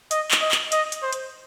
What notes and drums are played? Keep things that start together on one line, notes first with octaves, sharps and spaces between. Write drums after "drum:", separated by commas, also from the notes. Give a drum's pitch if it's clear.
D#5, drum: hi-hat
drum: clap
D#5
drum: clap
D#5, drum: hi-hat
drum: hi-hat
C5
drum: hi-hat